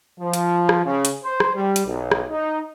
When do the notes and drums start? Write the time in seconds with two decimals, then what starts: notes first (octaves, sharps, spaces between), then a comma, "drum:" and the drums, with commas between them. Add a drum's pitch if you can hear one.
0.20 F3
0.33 drum: hi-hat
0.69 drum: rim click
0.85 C#3
1.05 drum: hi-hat
1.23 C5
1.40 drum: rim click
1.56 G3
1.76 drum: hi-hat
1.86 B1
2.12 drum: rim click
2.29 D#4